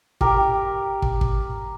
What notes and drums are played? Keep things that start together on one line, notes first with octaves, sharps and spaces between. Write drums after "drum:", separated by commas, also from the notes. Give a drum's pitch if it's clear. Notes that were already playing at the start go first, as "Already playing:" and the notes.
G4 A#4, drum: kick
drum: kick
drum: kick